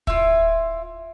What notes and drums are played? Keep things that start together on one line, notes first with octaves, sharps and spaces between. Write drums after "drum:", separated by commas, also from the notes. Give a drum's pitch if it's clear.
E4 F4, drum: kick D1